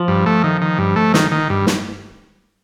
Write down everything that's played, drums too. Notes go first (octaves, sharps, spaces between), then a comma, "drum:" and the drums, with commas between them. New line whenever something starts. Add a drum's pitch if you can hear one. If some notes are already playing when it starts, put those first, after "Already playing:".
Already playing: F3
G2
A3
D#3
D#3
G2
A3
D#3, drum: snare
D#3
G2
drum: snare